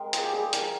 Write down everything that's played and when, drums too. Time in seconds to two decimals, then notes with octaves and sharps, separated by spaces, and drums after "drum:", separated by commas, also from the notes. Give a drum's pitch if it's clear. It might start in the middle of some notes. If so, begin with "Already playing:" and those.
Already playing: G#3 C4 A#4
0.13 F4 G#4, drum: hi-hat
0.23 G4
0.33 G3 G#4
0.43 G#4
0.53 F3 A#4, drum: hi-hat